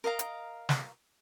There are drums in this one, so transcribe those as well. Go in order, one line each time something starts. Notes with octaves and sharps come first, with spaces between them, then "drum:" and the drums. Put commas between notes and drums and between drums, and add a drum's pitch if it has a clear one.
A#4 D#5 F5 A#5
drum: hi-hat
drum: snare